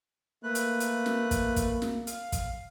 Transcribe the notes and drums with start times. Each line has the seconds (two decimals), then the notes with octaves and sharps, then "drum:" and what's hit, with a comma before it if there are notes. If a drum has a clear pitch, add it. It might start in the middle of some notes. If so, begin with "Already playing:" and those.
0.43 A3 A#3 B4 F#6
0.55 drum: hi-hat
0.80 drum: hi-hat
1.06 drum: snare
1.31 drum: kick, hi-hat
1.56 drum: kick, hi-hat
1.82 drum: snare
2.07 F5, drum: hi-hat
2.32 drum: kick, hi-hat